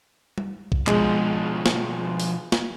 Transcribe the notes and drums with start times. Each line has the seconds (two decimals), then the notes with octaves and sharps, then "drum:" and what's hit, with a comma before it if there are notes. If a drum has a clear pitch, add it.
0.38 drum: tom
0.72 drum: kick
0.87 B2 F3 G#3, drum: clap
1.66 drum: snare
2.20 drum: open hi-hat
2.52 drum: snare